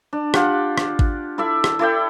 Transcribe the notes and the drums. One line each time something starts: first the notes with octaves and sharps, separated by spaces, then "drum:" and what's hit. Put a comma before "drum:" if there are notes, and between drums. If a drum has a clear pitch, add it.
D4
F4 G4 D5 F#5, drum: rim click
drum: rim click
drum: kick G#1
E4 A4 D5 E5
drum: rim click
E4 A4 D5 G5